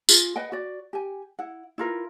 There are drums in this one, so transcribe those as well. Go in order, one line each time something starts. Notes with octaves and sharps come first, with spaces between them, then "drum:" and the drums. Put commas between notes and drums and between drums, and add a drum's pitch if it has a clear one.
F4 G#4, drum: tambourine
B4 D#5 F#5 G5
F#4 D5
G4 G#5
E4 F#5
E4 F4 A#4 B4